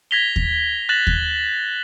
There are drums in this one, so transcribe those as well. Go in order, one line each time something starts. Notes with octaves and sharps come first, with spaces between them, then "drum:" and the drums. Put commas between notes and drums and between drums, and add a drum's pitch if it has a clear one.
G#6 A#6 B6 F7 G7
drum: kick D#2
F#6 A6 A#6 E7 F#7
drum: kick D#2